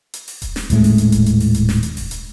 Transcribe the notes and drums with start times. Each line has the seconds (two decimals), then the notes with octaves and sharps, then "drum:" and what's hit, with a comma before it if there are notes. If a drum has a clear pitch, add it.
0.14 drum: hi-hat
0.28 drum: open hi-hat
0.42 drum: kick D#1, hi-hat
0.56 drum: snare
0.70 D#1 A2 G#3 A3, drum: hi-hat
0.84 drum: kick D#1, open hi-hat
0.98 drum: hi-hat
1.12 drum: kick D#1, hi-hat
1.26 drum: hi-hat
1.40 drum: open hi-hat
1.55 drum: kick D#1, hi-hat
1.69 drum: snare
1.83 drum: hi-hat
1.97 drum: kick D#1, open hi-hat
2.11 drum: hi-hat